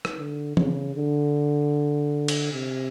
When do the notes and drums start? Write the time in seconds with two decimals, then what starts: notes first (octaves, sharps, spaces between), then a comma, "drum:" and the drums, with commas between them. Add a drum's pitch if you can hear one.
0.05 drum: rim click
0.18 D3
0.57 C#3, drum: tom E3
0.96 D3
2.28 drum: cymbal
2.53 C3